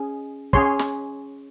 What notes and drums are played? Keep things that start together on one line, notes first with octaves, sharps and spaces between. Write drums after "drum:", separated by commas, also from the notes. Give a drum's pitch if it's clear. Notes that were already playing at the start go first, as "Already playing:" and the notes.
Already playing: C#4 G#4
C#4 G#4 C#5 C6, drum: kick
drum: snare